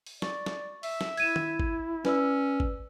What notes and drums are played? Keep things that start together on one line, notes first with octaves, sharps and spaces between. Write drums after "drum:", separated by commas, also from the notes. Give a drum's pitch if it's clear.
drum: open hi-hat
D5 C#6, drum: snare
drum: snare
E5, drum: open hi-hat
drum: snare
E4 G#6 D#7 E7, drum: open hi-hat
drum: tom
drum: kick G#1
C#4 B4 D5 E6, drum: snare
drum: kick G#1